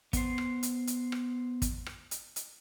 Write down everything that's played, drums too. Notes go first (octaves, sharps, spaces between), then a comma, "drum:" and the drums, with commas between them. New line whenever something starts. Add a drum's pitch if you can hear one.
B3 C5, drum: kick, hi-hat
drum: rim click
drum: hi-hat
drum: hi-hat
drum: rim click
drum: kick, hi-hat
drum: rim click
drum: hi-hat
drum: hi-hat